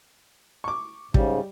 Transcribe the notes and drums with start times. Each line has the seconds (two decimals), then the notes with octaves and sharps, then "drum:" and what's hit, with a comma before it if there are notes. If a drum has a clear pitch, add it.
0.64 C#6 D6
1.14 G#2 C#3 G3, drum: kick